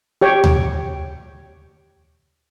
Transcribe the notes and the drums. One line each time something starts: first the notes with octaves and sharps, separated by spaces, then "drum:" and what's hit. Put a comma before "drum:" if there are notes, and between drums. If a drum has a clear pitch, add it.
G4 C#5 G5
drum: tom D2